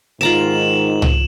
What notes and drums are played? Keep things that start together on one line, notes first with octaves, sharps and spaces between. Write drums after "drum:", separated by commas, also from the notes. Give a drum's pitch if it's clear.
G#2 D#3 F4 A#5 D6 E7 F#7
drum: tom